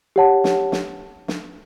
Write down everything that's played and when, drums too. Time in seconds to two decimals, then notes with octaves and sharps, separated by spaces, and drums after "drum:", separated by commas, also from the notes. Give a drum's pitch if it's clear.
0.16 G4 C#5 F#5 A5
0.44 drum: snare
0.72 drum: snare
1.28 drum: snare